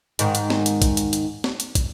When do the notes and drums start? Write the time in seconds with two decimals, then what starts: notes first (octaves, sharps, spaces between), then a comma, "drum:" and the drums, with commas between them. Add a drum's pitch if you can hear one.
0.19 G#2 D#3, drum: hi-hat
0.35 drum: hi-hat
0.50 drum: snare
0.66 drum: hi-hat
0.82 drum: kick, hi-hat
0.97 drum: hi-hat
1.13 drum: hi-hat
1.44 drum: snare
1.60 drum: hi-hat
1.75 drum: kick, hi-hat